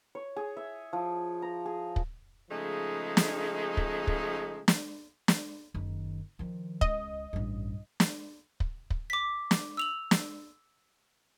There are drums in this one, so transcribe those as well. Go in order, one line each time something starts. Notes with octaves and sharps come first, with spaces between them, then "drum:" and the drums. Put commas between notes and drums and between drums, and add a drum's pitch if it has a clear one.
C#5
G#4
E5
F3
A#5
G#4
drum: kick
C#3 F3 G#3 A3 D#4
drum: snare
drum: kick
drum: kick
drum: snare
drum: snare
F#1 D#3
D#3 F3
C#2 D#5, drum: kick
A1 G2
drum: snare
drum: kick
drum: kick
D6 B6
drum: snare
E6 F7 F#7
drum: snare